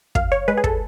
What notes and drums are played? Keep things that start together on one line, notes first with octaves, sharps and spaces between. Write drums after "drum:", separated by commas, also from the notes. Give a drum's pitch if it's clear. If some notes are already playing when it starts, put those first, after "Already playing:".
F#2 F5, drum: kick
C#5
G#3 B4
G#4
A4, drum: kick